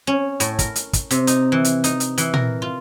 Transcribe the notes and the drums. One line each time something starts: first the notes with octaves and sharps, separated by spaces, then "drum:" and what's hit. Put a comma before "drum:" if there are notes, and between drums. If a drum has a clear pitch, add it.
C#4
A2, drum: hi-hat
A#4, drum: kick, hi-hat
drum: hi-hat
drum: kick, hi-hat
C3, drum: hi-hat
D#4, drum: hi-hat
E3
drum: hi-hat
D#4, drum: hi-hat
drum: hi-hat
E3, drum: hi-hat
A#4, drum: tom A#2
F4